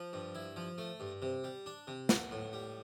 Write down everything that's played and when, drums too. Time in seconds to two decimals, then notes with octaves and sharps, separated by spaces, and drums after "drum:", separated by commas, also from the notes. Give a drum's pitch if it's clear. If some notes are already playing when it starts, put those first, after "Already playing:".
Already playing: F3
0.13 G2
0.35 E4
0.56 F3
0.78 A3
1.00 G2
1.22 C3
1.44 G3
1.66 D4
1.87 C3
2.09 B3, drum: snare
2.31 A2
2.53 G3